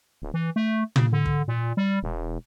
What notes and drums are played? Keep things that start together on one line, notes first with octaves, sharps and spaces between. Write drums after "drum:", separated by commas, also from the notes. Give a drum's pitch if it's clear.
D1
E3
A3
C#3, drum: tom
D3
drum: kick
A#2
G3
E1